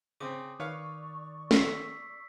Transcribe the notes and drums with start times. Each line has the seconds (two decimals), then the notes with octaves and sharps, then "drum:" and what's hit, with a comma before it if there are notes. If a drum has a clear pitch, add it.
0.20 C#3 C4 D6 D#6
0.60 D#3 B4 C#5 D5 F5 C#6
1.51 E6 B6 C7, drum: snare